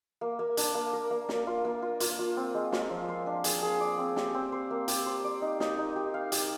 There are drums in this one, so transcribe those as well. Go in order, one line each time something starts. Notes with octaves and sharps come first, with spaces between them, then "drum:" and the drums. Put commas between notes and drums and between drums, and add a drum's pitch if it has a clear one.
A#3
A#3
D4, drum: hi-hat
A#3
A#4
A#3
A#4, drum: snare
F4
A#3
F4
F4, drum: hi-hat
F4
C4
G#3
F4, drum: snare
F3
C5
D4
G#4, drum: hi-hat
G#4
D5
C4
G4, drum: snare
C4
C5
A#3
G4, drum: hi-hat
C5
D5
D#4
D#4, drum: snare
D#4
G4
F5
G4, drum: hi-hat